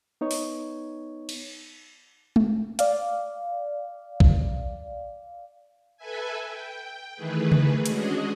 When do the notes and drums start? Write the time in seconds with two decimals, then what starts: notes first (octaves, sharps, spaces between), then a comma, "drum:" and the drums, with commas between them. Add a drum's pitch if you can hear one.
0.21 B3 D#4 C#5
0.31 drum: open hi-hat
1.29 drum: cymbal
2.36 drum: tom G#3
2.79 D5 F5, drum: hi-hat
4.20 drum: kick B1
5.97 A4 B4 E5 G#5
6.46 G5
7.15 D#3 E3 A3 G#4 B4
7.52 drum: tom C#3
7.86 G#3 C#4 D4 F#4 G#4 D#5, drum: hi-hat